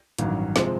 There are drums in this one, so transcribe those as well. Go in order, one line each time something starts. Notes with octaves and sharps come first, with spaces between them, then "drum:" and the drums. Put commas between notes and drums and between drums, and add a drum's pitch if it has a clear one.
A1 G2 D#3 F#3, drum: hi-hat
C3 F3 G#3 C4, drum: snare